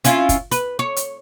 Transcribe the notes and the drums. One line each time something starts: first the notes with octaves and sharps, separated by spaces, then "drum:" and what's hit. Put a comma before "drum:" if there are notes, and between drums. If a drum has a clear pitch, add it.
C#4 E4 F4, drum: hi-hat
drum: kick, hi-hat
B4, drum: hi-hat
C#5
drum: hi-hat